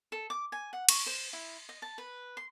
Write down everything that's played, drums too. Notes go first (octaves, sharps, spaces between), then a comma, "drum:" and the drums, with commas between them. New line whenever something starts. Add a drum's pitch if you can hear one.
A4
D6
G#5
F#5
C#6, drum: cymbal
C5
E4
D#5
A5
B4
C6